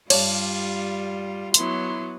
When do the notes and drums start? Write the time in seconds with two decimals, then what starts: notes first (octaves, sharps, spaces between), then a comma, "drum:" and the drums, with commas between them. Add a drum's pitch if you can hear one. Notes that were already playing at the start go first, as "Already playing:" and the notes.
0.10 G2 G3 D4 F4 C#5, drum: cymbal
1.54 F#3 B3 E4 C6, drum: hi-hat